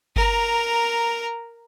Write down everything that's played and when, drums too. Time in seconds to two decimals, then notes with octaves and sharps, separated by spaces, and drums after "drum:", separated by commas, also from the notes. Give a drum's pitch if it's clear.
0.16 A#4 A#5, drum: kick G1